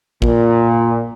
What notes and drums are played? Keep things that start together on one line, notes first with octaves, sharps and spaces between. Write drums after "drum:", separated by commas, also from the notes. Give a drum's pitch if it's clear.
A#2, drum: kick A1